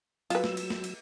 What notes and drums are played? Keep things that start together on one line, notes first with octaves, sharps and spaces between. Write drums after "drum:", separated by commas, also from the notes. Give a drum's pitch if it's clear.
F#3 F4 B4 E6, drum: cymbal
drum: snare
drum: cymbal
drum: snare
drum: cymbal